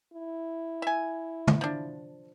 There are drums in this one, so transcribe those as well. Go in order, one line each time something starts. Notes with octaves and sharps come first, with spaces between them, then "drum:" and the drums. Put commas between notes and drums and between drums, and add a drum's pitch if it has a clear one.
E4
E5 G#5
drum: tom
F3 D4